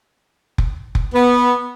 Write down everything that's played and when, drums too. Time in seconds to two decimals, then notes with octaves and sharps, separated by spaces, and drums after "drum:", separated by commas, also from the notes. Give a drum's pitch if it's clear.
0.58 drum: kick F1
0.95 drum: kick F1
1.13 B3